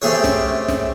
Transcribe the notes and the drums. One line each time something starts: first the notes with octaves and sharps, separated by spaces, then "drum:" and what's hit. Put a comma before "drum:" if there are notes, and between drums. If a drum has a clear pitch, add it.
C3 A3 C#4 G#4 C#5
drum: snare
drum: snare